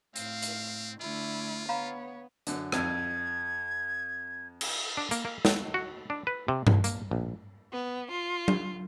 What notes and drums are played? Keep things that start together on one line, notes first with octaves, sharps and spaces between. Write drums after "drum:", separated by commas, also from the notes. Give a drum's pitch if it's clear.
A2 C4 F5, drum: hi-hat
drum: hi-hat
D3 A3 E4 F4
B3 C#5 F5 A#5 B5
F#2 D3, drum: hi-hat
F2 G#6, drum: rim click
drum: cymbal
D4
A#3, drum: hi-hat
A#3
B3, drum: snare
F#4
D4
B4
C3
C2, drum: tom G2
A#3, drum: hi-hat
A#1
B3
F4
drum: tom F#3